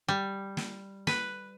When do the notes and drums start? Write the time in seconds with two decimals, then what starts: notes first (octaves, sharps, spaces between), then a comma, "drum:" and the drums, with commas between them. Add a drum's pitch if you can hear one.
0.08 G3
0.57 drum: snare
1.07 B4, drum: snare